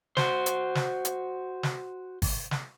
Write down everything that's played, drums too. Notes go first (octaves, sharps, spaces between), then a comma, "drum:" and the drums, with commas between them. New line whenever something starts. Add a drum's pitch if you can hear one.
F#4 C5, drum: snare
drum: hi-hat
drum: snare
drum: hi-hat
drum: snare
drum: kick, open hi-hat
drum: snare